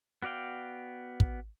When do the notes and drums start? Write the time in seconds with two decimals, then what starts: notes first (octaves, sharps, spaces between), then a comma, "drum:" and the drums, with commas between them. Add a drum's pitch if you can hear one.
0.22 B3 F#4 D5 F5 G5
1.20 drum: kick